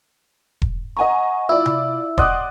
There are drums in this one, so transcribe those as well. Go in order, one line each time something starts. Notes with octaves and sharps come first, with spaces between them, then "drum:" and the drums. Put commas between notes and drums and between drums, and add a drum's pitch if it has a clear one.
drum: kick E1
D#5 F#5 G#5 A#5 C#6
E4 F4 D5 E6
drum: tom C3
D5 D#5 F#5 C6 D6 D#6, drum: kick E1